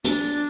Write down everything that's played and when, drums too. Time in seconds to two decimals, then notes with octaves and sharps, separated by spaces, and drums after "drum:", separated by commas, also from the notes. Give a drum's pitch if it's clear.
0.04 D4, drum: hi-hat